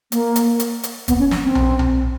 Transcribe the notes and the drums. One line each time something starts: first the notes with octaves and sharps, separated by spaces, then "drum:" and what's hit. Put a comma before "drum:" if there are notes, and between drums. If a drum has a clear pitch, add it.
A#3, drum: hi-hat
drum: hi-hat
drum: hi-hat
drum: hi-hat
B3, drum: kick, hi-hat
C#4
drum: snare
C4
drum: tom B1
drum: tom B1